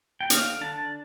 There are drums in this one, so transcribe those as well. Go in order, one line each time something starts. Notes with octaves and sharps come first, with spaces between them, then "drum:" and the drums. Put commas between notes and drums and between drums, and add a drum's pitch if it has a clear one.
G5
D3 F5, drum: hi-hat
D4 A5